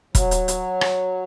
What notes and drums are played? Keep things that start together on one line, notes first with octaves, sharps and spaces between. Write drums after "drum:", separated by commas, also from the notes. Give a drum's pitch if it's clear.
F#3, drum: kick E1, hi-hat
drum: hi-hat
drum: hi-hat
drum: rim click